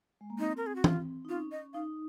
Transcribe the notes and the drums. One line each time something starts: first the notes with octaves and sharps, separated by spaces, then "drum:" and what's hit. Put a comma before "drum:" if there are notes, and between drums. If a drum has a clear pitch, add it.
G#3
A#3
C4 D#4
A#4
G#4
F#4
F4, drum: tom
D#4
C#4 F4
D#5
D#4 F5